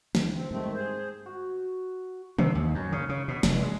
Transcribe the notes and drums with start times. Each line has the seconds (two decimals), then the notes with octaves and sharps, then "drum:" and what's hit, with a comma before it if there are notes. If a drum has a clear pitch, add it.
0.15 D2 E3, drum: snare
0.34 C4
0.51 G#2 D#3 G3 A3 C4
0.74 G#4 C5
1.26 F#4
2.39 C3, drum: tom
2.55 D#2
2.75 F#2
2.92 C#3
3.09 C#3
3.28 B2
3.43 F1, drum: snare
3.62 G#3